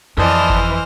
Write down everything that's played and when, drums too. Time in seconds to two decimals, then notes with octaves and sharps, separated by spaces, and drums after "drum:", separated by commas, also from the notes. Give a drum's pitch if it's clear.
0.17 F2 E3 C5 D5 D#5 A5 D#6 F6
0.50 drum: kick G1